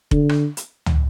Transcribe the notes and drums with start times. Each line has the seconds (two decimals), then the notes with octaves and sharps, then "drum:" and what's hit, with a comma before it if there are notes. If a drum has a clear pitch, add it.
0.11 D3, drum: kick F1
0.29 drum: rim click
0.57 drum: hi-hat
0.86 drum: tom